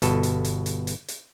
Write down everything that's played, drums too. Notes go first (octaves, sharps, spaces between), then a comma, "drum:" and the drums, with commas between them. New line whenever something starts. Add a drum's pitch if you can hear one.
G1 B2 A4, drum: hi-hat
drum: hi-hat
drum: hi-hat
drum: hi-hat
drum: hi-hat
drum: hi-hat